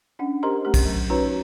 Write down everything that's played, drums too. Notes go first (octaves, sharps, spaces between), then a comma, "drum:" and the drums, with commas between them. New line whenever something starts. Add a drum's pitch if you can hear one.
C#4 D4 F#5
G4 A#4 C5 D#5 A#5 C6
A3 C#4 G4
drum: kick, cymbal
F#3
C#4 D#4 F#4 B4 C#5 A#5